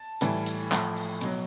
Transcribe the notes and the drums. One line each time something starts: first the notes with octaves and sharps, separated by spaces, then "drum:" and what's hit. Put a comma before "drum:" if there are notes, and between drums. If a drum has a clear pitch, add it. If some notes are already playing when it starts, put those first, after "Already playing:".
Already playing: A5
A2 E3 G3, drum: hi-hat
drum: hi-hat
A2 F3, drum: clap
drum: open hi-hat
B2 F#3, drum: hi-hat